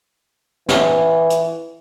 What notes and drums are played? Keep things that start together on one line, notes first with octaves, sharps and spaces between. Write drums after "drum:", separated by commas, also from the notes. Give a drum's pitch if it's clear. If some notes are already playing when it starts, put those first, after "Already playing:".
E3, drum: snare
drum: hi-hat